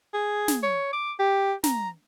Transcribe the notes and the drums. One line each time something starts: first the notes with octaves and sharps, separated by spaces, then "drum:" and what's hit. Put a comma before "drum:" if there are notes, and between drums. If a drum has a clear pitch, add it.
G#4
drum: snare
C#5
D6
G4
A#5, drum: snare